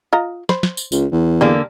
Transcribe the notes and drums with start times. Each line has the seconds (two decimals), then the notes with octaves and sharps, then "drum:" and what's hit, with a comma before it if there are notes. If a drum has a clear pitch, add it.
0.13 F4 D#5 A#5
0.49 C5 B5, drum: snare
0.63 drum: snare
0.77 drum: tambourine
0.92 C#2, drum: tambourine
1.12 E2
1.41 D3 G3 A#3 G#4